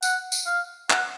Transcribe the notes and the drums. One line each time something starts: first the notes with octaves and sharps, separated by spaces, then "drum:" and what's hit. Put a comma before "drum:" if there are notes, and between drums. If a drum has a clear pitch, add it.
F#5, drum: tambourine
drum: tambourine
F5
F#5, drum: clap